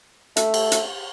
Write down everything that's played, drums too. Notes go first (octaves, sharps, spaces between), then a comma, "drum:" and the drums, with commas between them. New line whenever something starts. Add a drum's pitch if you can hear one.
A3, drum: hi-hat
drum: cymbal
drum: hi-hat